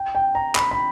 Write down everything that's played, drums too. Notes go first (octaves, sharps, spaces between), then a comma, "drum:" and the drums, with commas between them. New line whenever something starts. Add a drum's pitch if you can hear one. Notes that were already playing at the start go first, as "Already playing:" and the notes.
Already playing: G5
G5
A#5
B5, drum: clap
B5